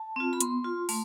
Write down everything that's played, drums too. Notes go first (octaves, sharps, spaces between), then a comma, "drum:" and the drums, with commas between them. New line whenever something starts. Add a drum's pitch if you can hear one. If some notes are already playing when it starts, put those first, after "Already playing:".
Already playing: A5
C4 F4
B5
B3 C6, drum: hi-hat
F4
A3, drum: open hi-hat